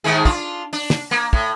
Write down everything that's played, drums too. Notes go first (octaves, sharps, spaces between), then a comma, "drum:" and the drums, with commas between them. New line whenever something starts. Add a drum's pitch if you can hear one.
G#2 D#3 G#4
D4 F4, drum: kick
D4, drum: open hi-hat
drum: snare
A#3
A2, drum: kick